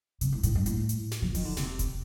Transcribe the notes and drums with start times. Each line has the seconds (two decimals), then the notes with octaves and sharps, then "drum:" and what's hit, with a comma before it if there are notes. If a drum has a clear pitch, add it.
0.21 C3, drum: hi-hat
0.32 A2
0.43 A2, drum: hi-hat
0.55 G2
0.66 A2, drum: hi-hat
0.89 drum: hi-hat
1.12 drum: snare
1.22 F3
1.35 D#3, drum: kick E1, open hi-hat
1.45 D3
1.57 C3, drum: snare
1.79 drum: kick E1, hi-hat